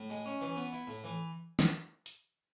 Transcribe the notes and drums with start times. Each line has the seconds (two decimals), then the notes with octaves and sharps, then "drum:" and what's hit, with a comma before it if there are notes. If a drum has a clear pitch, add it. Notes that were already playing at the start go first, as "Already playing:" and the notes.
Already playing: A2
0.10 G#3
0.26 C#4
0.41 E3
0.56 B3
0.73 E4
0.87 A2
1.04 E3
1.59 drum: snare
2.06 drum: hi-hat